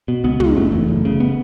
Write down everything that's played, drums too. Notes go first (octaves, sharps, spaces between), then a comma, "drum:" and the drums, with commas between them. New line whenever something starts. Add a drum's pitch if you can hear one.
B2
C#2 B3
C#2 G#3, drum: tom
F#1 A3
E2
F#1
C#3
B3